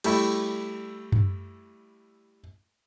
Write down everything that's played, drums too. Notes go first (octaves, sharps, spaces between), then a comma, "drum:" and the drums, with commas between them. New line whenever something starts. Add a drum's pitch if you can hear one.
G3 A3 E4, drum: cymbal
drum: tom F#2